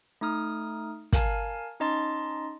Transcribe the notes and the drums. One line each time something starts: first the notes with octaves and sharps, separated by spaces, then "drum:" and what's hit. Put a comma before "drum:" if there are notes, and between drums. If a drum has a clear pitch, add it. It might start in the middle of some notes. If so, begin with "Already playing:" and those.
A3 D#4 D#6 F6
A#4 F5 G#5 A5, drum: kick, hi-hat
C#4 D#4 D#5 A5 C6 A6